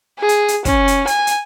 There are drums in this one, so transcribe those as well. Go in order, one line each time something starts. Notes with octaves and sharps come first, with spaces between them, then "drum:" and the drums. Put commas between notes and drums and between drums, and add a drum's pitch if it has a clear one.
G#4
drum: hi-hat
drum: hi-hat
C#4, drum: kick, hi-hat
drum: hi-hat
G#5, drum: hi-hat
drum: hi-hat